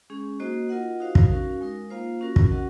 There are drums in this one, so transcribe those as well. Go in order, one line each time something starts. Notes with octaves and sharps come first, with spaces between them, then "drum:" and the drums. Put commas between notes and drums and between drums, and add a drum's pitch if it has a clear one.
G#3 C#4 G#4
A#3 D#4 F#4 C5 D#5
F4 A#4 D#5 F#5
D#4 F#4 C5 F5
drum: kick
C#4 F#4 A#4 F5
G#3 D#4 A#4
A#3 F4 C5 F5
C#4 F#4 A#4
drum: kick
C#4 F#4 A#4 D#5 F#5